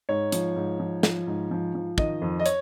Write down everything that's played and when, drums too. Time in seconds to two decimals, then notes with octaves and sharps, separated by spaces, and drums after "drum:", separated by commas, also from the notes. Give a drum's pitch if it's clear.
0.09 G#2 C#5
0.32 F3, drum: hi-hat
0.56 G#2
0.80 F3
1.03 F3, drum: snare
1.27 G#2
1.51 F3
1.75 F3
1.98 D#3 D#5, drum: kick
2.22 F2
2.40 D#5
2.46 C#5, drum: hi-hat